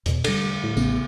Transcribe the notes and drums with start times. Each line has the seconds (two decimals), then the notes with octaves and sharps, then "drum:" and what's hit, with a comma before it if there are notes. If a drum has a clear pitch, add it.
0.06 E2 B2, drum: hi-hat
0.24 D2 D3 G3 A#6, drum: cymbal
0.64 A2
0.77 A1 C#3 B3, drum: tambourine